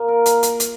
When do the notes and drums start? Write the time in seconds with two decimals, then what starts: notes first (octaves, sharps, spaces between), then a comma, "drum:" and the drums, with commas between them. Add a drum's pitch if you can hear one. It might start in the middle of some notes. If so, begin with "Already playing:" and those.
Already playing: A#2 A#3
0.08 A#4
0.26 drum: hi-hat
0.43 drum: hi-hat
0.60 drum: hi-hat